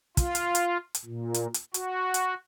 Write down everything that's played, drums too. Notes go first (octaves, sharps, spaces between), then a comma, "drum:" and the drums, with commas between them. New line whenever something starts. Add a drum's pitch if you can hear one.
F4, drum: kick, hi-hat
drum: hi-hat
drum: hi-hat
drum: hi-hat
A#2
drum: hi-hat
drum: hi-hat
F#4, drum: hi-hat
drum: hi-hat